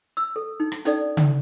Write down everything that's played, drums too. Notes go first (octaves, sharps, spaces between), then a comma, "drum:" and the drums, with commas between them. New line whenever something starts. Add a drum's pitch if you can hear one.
E6
A4
D#4
drum: rim click
C#4 D#4 A4 D5, drum: hi-hat
drum: tom C#3